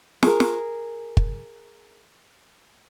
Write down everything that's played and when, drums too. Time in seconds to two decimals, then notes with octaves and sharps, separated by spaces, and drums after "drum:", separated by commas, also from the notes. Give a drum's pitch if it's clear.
0.23 G#4 A#4, drum: snare
0.40 drum: snare
1.17 drum: kick